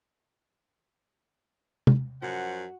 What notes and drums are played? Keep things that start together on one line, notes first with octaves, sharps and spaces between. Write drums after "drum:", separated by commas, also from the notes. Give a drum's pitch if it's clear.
drum: tom C3
F#2 F3 F#4 F#5